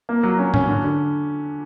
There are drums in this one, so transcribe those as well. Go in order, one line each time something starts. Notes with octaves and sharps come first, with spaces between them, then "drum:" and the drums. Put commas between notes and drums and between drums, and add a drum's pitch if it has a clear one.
A#3
F#3
C#4
C#4, drum: tom G#2
D3
D3